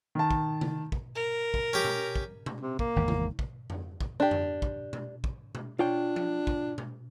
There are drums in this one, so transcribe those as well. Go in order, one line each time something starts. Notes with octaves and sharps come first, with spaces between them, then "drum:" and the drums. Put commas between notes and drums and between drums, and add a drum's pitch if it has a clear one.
D#3 A5
drum: kick
drum: tom C3
drum: kick
A#4
drum: kick
C#4 G4
drum: tom B2
drum: kick
drum: tom B2
C3
A#3, drum: kick
G#1 E2 G#2
drum: tom C3
drum: kick
drum: tom F2
drum: kick
D4 G4
drum: tom F2
drum: kick
drum: tom B2
drum: kick
drum: tom B2
D4 F4 C#5 G5
drum: tom F3
drum: kick
drum: tom B2